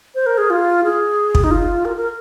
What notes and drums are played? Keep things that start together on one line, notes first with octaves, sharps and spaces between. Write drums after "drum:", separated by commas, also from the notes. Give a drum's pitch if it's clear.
C5
A#4
G#4
F4
G#4
drum: kick
D#4
F4
A#4
A#4